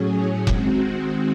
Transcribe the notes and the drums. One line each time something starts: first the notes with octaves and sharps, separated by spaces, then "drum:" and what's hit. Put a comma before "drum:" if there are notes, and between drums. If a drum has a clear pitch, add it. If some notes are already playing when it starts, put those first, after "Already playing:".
Already playing: A2 F#3 C#4 G#4
D#3 G#3 C4 F#4, drum: kick F1